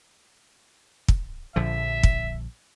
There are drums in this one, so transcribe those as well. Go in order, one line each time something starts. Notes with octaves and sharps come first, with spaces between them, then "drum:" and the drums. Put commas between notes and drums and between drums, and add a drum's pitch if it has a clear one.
drum: kick
A#1 D3 F3 E5
drum: kick